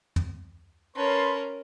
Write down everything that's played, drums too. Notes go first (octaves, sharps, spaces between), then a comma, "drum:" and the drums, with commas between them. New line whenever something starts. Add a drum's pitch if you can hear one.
drum: tom F2
C#4 A#4 B4 A5 C6